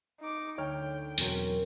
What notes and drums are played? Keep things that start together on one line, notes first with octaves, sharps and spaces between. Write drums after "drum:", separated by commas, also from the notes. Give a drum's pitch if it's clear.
D#4 D6
D2 D#4 C#5 G5 F6
E2 B2 F#3 C4 C#4 A#4, drum: open hi-hat